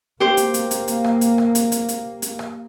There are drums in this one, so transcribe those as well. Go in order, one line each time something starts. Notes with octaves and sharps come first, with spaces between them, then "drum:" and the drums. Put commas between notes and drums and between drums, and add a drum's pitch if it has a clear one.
A#3 G4 C5
drum: hi-hat
drum: hi-hat
drum: hi-hat
drum: hi-hat
drum: rim click
drum: hi-hat
drum: rim click
drum: hi-hat
drum: hi-hat
drum: hi-hat
drum: hi-hat
drum: rim click